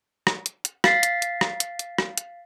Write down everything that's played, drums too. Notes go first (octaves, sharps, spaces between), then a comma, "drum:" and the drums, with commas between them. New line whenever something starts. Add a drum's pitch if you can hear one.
drum: rim click
drum: hi-hat
drum: hi-hat
F5 A6 B6 C7, drum: rim click
drum: hi-hat
drum: hi-hat
drum: rim click
drum: hi-hat
drum: hi-hat
drum: rim click
drum: hi-hat